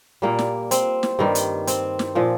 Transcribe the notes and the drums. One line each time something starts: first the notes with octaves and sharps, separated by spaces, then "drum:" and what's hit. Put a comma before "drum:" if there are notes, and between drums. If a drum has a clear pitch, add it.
A#2 G3 A#3
drum: snare
C4, drum: hi-hat
drum: snare
G2 D#3 G3
drum: hi-hat
C4, drum: hi-hat
drum: snare
A#2 F3